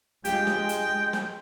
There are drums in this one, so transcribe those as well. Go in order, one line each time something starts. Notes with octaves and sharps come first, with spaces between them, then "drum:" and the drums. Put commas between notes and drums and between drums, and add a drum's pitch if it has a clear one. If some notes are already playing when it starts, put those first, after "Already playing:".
G#3 D4 F4 G4 G5, drum: hi-hat
drum: snare
drum: hi-hat
drum: snare